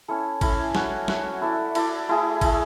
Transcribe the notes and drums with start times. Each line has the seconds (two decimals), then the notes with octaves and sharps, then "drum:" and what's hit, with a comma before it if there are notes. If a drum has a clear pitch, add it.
0.08 C#4 E4 A4
0.41 C#4 E4 A4, drum: kick G#1, cymbal
0.75 C#4 F#4 C#5 E5, drum: snare
1.08 C#4 F#4 C#5 E5, drum: snare
1.42 E4 A4 D5
1.75 E4 A4 D5, drum: cymbal
2.09 A3 E4 G#4
2.41 A3 E4 G#4, drum: kick G#1, cymbal